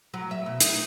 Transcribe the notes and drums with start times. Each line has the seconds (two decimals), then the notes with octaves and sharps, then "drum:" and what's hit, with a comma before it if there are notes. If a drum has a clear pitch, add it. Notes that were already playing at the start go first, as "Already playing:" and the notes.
0.14 F#3
0.31 E5
0.46 B2
0.60 D#4, drum: hi-hat